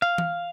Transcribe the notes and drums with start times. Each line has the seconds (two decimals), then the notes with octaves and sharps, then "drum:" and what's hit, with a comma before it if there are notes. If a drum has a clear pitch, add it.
0.02 F5
0.18 drum: tom E3